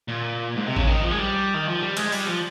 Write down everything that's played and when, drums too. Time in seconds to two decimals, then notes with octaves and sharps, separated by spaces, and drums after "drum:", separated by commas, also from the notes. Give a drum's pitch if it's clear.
0.08 A#2
0.56 G#2
0.67 C3
0.76 C#3, drum: kick A1
0.87 D#3
1.02 F3
1.11 G#3
1.18 G3
1.54 D#3
1.68 F3
1.81 G3
1.97 G#3, drum: cymbal
2.12 G3, drum: open hi-hat
2.27 F3